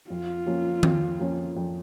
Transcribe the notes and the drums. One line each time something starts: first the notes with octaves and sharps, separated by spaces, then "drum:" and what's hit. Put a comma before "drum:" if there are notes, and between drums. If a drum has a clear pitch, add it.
F2 F4
F3 A#3 C#4
F2, drum: tom D#3
F3 A#3 C#4
F2